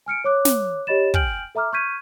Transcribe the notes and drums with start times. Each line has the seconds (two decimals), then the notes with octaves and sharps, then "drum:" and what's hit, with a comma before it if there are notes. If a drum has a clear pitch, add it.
0.06 G#5 F6 C#7 D7
0.24 C#5 D6 F#6
0.45 drum: snare
0.87 G4 C#5 D#5 B5 A6 E7
1.14 G5 G#5 F6 G6 D7 F#7, drum: kick
1.55 A4 E5 A#5 D6 F6
1.73 C#6 F6 G6 G#6 B6 D#7